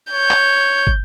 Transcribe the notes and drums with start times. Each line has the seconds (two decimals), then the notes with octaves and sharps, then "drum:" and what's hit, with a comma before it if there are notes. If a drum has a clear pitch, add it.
0.12 C#5 G6
0.31 drum: clap
0.87 drum: kick